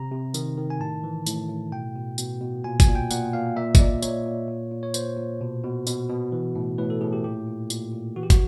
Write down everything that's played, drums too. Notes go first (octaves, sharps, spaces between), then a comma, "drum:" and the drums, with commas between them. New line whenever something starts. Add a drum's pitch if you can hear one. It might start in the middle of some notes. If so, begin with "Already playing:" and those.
Already playing: C3 A#5
C3
D#3, drum: tambourine
D#3
G#5
A2 A5
E3
A2, drum: tambourine
A2
B2 G5
B2
B2, drum: tambourine
B2
A#2 G#5
G#5, drum: kick, tambourine
A#2
G5
A#2 F#5, drum: tambourine
A#2 F5
A#2 E5
D#5, drum: kick, tambourine
A#2 D5
A#2 C#5, drum: tambourine
A#2
A#2
A#2
C#5
A#2 C5, drum: tambourine
A#2
B2
B2
B2, drum: tambourine
B2
E3
A2
A2 B4
A4
A2 G#4
G4
A#2 G4
A#2
A#2, drum: tambourine
A#2
E3 F#4
G4
F#4, drum: kick, tambourine